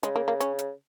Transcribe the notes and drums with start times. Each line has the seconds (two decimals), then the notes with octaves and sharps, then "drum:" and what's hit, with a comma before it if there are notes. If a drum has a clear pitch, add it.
0.03 C#3 G#3, drum: hi-hat
0.16 A#3
0.28 A#3
0.40 C#4, drum: hi-hat
0.59 drum: hi-hat